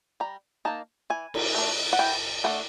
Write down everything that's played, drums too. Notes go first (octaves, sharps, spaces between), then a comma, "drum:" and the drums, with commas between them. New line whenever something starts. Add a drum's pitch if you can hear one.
G3 A#5
A#3 D#4 A5
E3 G#5
drum: cymbal
A3 D4
F#5
E3 G5
A3 D4 F#5